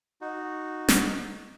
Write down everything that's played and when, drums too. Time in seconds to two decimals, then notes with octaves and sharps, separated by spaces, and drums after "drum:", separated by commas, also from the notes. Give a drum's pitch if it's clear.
0.21 D#4 F#4
0.88 drum: snare